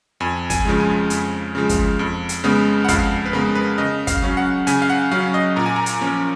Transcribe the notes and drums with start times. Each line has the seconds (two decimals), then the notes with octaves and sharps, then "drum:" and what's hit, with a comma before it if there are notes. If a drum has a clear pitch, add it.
0.20 F2 G#5
0.50 G#5, drum: kick, hi-hat
0.65 C#3 F3 G#3
0.80 G#5
1.10 F2, drum: hi-hat
1.55 C#3 F3 G#3
1.69 drum: kick, hi-hat
1.99 F2
2.29 drum: hi-hat
2.44 C#3 G#3 B3
2.84 F#5
2.88 F2 F5, drum: kick, hi-hat
3.26 B4
3.33 C#3 G#3 B3 A#4
3.55 B4
3.78 C#3 D#5
4.07 F5, drum: kick, hi-hat
4.22 F#3 C#4
4.37 F#5
4.67 C#3 G#5, drum: hi-hat
4.82 F5
4.90 F#5
5.12 F#3 C#4 F5
5.34 D#5
5.56 A#2 A#5
5.66 G#5
5.76 A#5
5.86 drum: hi-hat
6.01 F3 A#3 C#4